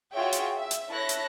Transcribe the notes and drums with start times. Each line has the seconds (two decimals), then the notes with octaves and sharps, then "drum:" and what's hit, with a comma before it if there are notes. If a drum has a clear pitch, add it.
0.13 F4 F#4 G#4 C#5 E5 G5
0.33 drum: hi-hat
0.58 E5
0.71 drum: hi-hat
0.90 E4 A4 C#5 F#6 A#6
1.09 drum: hi-hat